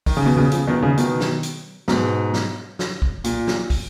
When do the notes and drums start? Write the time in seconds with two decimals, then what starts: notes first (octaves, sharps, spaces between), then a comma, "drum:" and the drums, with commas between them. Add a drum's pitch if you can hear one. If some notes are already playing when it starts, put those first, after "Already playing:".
0.06 D#3, drum: kick, open hi-hat
0.17 C#3
0.26 B2
0.37 A#2 C#3
0.51 C#3 F3, drum: hi-hat
0.67 B2 D#3
0.82 A#2 C#3
0.97 B2 D#3, drum: hi-hat
1.20 drum: snare
1.43 drum: hi-hat
1.88 G#2 B2, drum: snare
2.34 drum: snare
2.79 drum: snare
3.02 drum: kick
3.24 A#2, drum: hi-hat
3.47 drum: snare
3.70 drum: kick, open hi-hat